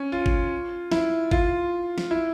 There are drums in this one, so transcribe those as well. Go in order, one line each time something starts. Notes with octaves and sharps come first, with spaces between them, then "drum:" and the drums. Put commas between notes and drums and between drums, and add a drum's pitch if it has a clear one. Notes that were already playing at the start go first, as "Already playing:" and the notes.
Already playing: C#4
F4
drum: kick G1
E4, drum: snare
F4, drum: kick G1
drum: snare
E4